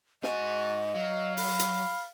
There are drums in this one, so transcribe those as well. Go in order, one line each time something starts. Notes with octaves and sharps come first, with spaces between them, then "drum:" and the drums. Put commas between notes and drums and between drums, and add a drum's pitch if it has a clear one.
G#2 F#4 D#5 G#5, drum: snare
F#3 F5
B5, drum: open hi-hat
drum: hi-hat